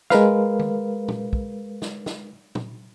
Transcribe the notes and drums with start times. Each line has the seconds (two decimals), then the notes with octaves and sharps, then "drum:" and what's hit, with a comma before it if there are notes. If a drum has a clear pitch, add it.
0.10 G#3 A#4 B4 F5, drum: snare
0.59 drum: tom
1.08 drum: tom
1.33 drum: kick
1.82 drum: snare
2.06 drum: snare
2.55 drum: tom